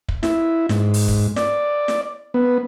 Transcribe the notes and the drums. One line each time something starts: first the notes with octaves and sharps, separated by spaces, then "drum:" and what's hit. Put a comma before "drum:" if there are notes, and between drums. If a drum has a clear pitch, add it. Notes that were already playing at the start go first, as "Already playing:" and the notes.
drum: kick
E4, drum: snare
G#2, drum: snare
drum: open hi-hat
drum: kick
D5, drum: snare
drum: snare
B3